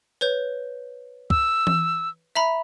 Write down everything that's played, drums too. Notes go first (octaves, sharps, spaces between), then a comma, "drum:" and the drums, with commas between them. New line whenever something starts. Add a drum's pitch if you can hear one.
B4 C#5 G6
E6, drum: kick
drum: tom E3
E5 A#5 B5